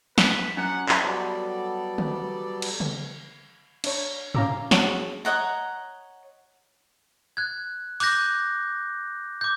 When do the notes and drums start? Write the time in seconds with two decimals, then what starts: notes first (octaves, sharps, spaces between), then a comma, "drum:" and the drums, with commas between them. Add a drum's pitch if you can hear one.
0.18 B4, drum: snare
0.57 F#2 F#5
0.89 drum: clap
1.02 F#3 G3 B3 A4 D5
1.98 drum: tom D3
2.62 drum: cymbal
2.80 drum: tom C#3
3.84 D4 C#5, drum: cymbal
4.35 C#4 F5 A#5 D6 E6, drum: tom G2
4.71 F#4 C#5 F#5 A5, drum: snare
4.87 G#4
5.25 C#5 D#5 F#5 A#5
7.37 F#6 G#6
8.00 D6 F#6 G6 A#6, drum: open hi-hat
9.41 D6 G6